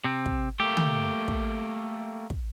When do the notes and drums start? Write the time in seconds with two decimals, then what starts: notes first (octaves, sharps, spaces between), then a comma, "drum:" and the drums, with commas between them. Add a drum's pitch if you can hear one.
0.04 C3 C4
0.26 drum: kick
0.60 A3 A#3 G4
0.77 drum: tom D3
1.28 drum: kick
2.30 drum: kick